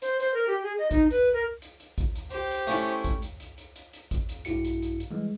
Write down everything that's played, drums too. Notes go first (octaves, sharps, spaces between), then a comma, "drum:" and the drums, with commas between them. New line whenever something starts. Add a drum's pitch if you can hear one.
C5, drum: hi-hat
C5, drum: hi-hat
A#4
G4
G#4
D#5
D#4, drum: kick A1, hi-hat
B4, drum: hi-hat
A#4
drum: hi-hat
drum: hi-hat
drum: kick A1, hi-hat
drum: hi-hat
G4 C5, drum: hi-hat
drum: hi-hat
A3 C#4 E4, drum: hi-hat
drum: kick A1, hi-hat
drum: hi-hat
drum: hi-hat
drum: hi-hat
drum: hi-hat
drum: hi-hat
drum: kick A1, hi-hat
drum: hi-hat
A#1 G2 E4 F#4 C#7, drum: hi-hat
drum: hi-hat
drum: hi-hat
drum: hi-hat
E3 G3 G#3